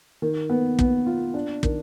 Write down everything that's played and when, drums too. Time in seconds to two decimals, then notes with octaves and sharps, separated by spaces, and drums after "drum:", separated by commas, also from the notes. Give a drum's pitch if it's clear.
0.22 D#3
0.49 B3
0.79 B3, drum: kick
1.06 F4
1.34 D4
1.63 D#3, drum: kick